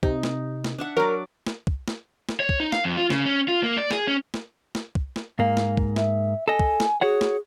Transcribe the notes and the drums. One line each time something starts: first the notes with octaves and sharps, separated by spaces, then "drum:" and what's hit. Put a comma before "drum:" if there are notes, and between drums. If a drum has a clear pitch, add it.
C3 D#4, drum: kick
drum: snare
drum: snare
D4 E5 F#5
F#3 A#4 D5
drum: snare
drum: kick
drum: snare
drum: snare
C#5
drum: kick
D#4
F5, drum: snare
F2
F4
C#3, drum: snare
C#4
F4
A#3
D5
G#4, drum: snare
C#4
drum: snare
drum: snare
drum: kick
drum: snare
G#2 A#3 F5
drum: snare
drum: kick
E5, drum: snare
A4 D#5 G#5
drum: kick
drum: snare
F#4 G#4 C#5 F#5
drum: snare